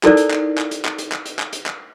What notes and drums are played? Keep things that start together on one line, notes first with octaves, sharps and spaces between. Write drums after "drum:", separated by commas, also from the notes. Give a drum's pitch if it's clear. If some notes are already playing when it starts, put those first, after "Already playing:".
D#4 E4 A4 A#4 C5 D5, drum: clap
drum: hi-hat
drum: clap
drum: clap
drum: hi-hat
drum: clap
drum: hi-hat
drum: clap
drum: hi-hat
drum: clap
drum: hi-hat
drum: clap